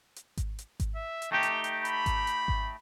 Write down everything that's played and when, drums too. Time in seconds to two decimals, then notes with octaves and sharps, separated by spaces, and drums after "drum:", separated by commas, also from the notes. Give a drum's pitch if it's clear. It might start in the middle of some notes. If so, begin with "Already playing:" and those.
0.16 drum: hi-hat
0.37 drum: kick G#1, hi-hat
0.59 drum: hi-hat
0.80 drum: kick G#1, hi-hat
0.95 E5
1.22 drum: hi-hat
1.32 A3 D#4 G4 G5
1.43 drum: hi-hat
1.64 drum: hi-hat
1.85 B5, drum: hi-hat
2.06 drum: kick G#1, hi-hat
2.27 drum: hi-hat
2.48 drum: kick G#1